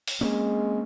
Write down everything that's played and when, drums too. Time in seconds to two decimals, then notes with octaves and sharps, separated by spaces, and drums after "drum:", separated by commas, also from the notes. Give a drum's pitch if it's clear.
0.08 drum: open hi-hat
0.21 G#3 A#3 C4 C#4